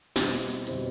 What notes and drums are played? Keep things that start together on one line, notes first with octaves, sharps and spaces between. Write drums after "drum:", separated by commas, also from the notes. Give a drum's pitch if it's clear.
B2 G3 C4 E4, drum: snare
drum: hi-hat
B2 G3 C4 E4, drum: hi-hat